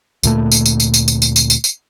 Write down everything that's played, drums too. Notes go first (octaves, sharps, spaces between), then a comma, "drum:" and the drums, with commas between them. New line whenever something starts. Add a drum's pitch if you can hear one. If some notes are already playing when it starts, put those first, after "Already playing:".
D2 A#2 A3, drum: tambourine
drum: tambourine
drum: tambourine
drum: tambourine
drum: tambourine
drum: tambourine
drum: tambourine
drum: tambourine
drum: tambourine
drum: tambourine